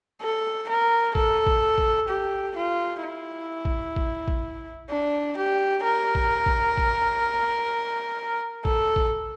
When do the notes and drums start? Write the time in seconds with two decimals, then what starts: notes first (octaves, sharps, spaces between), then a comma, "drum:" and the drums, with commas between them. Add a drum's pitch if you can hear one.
0.22 A4
0.69 A#4
1.15 A4, drum: kick
1.47 drum: kick
1.78 drum: kick
2.09 G4
2.56 F4
3.03 E4
3.65 drum: kick
3.96 drum: kick
4.28 drum: kick
4.90 D4
5.37 G4
5.84 A#4
6.15 drum: kick
6.46 drum: kick
6.78 drum: kick
8.65 A4, drum: kick
8.96 drum: kick